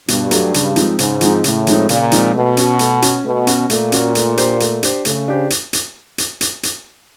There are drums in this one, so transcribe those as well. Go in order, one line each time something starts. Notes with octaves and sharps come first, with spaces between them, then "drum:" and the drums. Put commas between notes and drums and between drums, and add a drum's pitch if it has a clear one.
G2 B2, drum: hi-hat
F#3 A3 D4, drum: hi-hat
C#3, drum: hi-hat
F3 G#3 C4 D#4, drum: hi-hat
G#2 C#3, drum: hi-hat
F3 G#3 C4 D#4, drum: hi-hat
A2 C#3, drum: hi-hat
F3 G#3 C4 D#4, drum: hi-hat
A#2 C#3, drum: hi-hat
F3 G#3 C4 D#4, drum: hi-hat
B2 A3
C#4 F#4, drum: hi-hat
A3, drum: hi-hat
C#4 F#4, drum: hi-hat
B2 A3
C#4 F#4, drum: hi-hat
A#2 A3, drum: hi-hat
C#4 F#4, drum: hi-hat
A3, drum: hi-hat
D4 G4 C5, drum: hi-hat
A3, drum: hi-hat
D4 G4 C5, drum: hi-hat
C#3 A3, drum: hi-hat
D4 G4 C5
drum: hi-hat
drum: hi-hat
drum: hi-hat
drum: hi-hat
drum: hi-hat